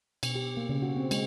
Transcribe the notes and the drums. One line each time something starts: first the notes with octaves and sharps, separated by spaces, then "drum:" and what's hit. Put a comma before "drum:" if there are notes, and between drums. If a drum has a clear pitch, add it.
B2, drum: cymbal
G4
A#3
C#3
F#4
C4
G#3, drum: cymbal